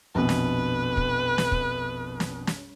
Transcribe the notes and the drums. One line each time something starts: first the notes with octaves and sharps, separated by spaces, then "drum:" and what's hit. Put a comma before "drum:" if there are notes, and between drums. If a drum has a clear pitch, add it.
A#1 F2 B2 B4
drum: snare
drum: kick
drum: snare
drum: kick
drum: snare
drum: snare